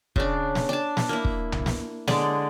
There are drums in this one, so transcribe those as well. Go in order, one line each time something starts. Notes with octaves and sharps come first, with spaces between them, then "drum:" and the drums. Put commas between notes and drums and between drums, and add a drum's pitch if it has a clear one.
C#3 D4, drum: kick
drum: snare
D4 A5
drum: snare
A#3 E4
drum: kick
drum: tom B1
drum: snare
D3 G#3 D5, drum: snare